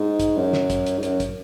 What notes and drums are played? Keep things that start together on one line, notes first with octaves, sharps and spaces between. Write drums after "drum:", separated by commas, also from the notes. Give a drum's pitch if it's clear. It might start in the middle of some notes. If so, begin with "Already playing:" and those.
Already playing: G#2
drum: kick, hi-hat
F#2
drum: snare
drum: kick, hi-hat
drum: hi-hat
G#2
F#2, drum: hi-hat
drum: kick, hi-hat